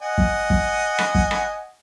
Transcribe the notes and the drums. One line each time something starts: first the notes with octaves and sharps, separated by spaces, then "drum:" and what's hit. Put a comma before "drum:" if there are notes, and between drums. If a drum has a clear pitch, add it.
D#5 F#5 G#5
drum: kick
drum: kick
drum: rim click
drum: kick
drum: rim click